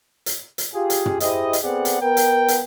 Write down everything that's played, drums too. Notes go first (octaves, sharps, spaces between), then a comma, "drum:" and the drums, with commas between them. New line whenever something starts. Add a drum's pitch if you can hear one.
drum: hi-hat
drum: hi-hat
F4 G4 G#4
drum: hi-hat
drum: tom
E4 G4 G#4 C5 D#5, drum: hi-hat
drum: hi-hat
B3 C4 G#4 A4 D5 F#5
drum: hi-hat
B3 A#4 G5
drum: hi-hat
drum: hi-hat